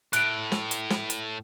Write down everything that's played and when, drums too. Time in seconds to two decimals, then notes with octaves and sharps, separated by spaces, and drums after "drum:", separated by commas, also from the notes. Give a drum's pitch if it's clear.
0.13 A2 F#6 D7, drum: hi-hat
0.52 drum: snare
0.71 drum: hi-hat
0.90 drum: snare
1.10 drum: hi-hat